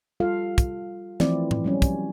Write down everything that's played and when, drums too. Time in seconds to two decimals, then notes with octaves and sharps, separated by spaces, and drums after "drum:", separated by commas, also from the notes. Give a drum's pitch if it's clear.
0.20 G3 F4 A4 F5
0.58 drum: kick, hi-hat
1.20 E3 F3 A3 C4 E4 D5, drum: snare
1.51 drum: tom A2
1.64 F#3 G3 C#4
1.82 drum: kick, hi-hat